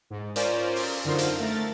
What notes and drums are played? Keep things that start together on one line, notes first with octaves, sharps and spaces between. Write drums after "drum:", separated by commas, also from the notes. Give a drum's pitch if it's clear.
G#2
C#4 F4 A#4 C5 D5, drum: hi-hat
drum: open hi-hat
F#2 D3 D#4 F4 A#4 C5
drum: hi-hat
A3 A#4 A6